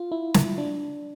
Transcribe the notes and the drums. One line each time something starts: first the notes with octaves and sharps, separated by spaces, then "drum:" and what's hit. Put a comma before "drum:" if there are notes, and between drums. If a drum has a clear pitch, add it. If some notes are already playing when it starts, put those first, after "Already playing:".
Already playing: F4
E4
drum: snare
D4